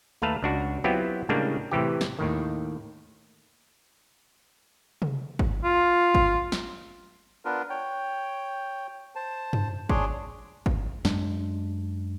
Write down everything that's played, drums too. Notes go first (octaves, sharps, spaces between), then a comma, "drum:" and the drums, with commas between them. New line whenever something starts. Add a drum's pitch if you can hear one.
D#2 A3 B4 F5 A5 A#5
C#2 D4 F#4
F#3 B3 C4 E4 F4 G4
A2 C#3 G3 G#3 A#3 D4
A2 C3 E3 G4
drum: snare
D#2 A2 D#3
drum: tom C3
drum: kick G#1
F4
drum: kick G#1
drum: snare
B3 D4 F4 A#4 B4
C#5 G5
C5 A5
drum: tom F#2
D4 G#4 C#5 C6 D6, drum: kick G#1
drum: kick G#1
F#2 G#3 D4, drum: snare